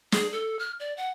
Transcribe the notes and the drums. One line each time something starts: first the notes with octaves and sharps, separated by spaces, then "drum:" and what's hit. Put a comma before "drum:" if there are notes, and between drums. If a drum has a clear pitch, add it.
G#4, drum: snare
A4
F6
D5
F#5